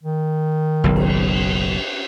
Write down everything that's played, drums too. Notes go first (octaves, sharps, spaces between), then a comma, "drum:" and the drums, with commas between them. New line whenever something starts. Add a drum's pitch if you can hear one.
D#3
F#1 B1
drum: cymbal